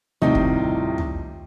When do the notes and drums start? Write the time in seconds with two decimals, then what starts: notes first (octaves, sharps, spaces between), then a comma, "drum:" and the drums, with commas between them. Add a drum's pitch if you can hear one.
0.22 D#2 A2 C3 G3 D#4 F4
0.35 drum: kick
0.98 drum: tom